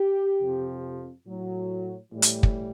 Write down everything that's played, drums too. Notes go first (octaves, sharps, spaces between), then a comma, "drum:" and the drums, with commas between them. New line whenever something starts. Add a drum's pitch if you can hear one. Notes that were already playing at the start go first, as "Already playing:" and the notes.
Already playing: G4
F2 C3 F3
A2 F#3
A2 E3 G3
drum: hi-hat
drum: kick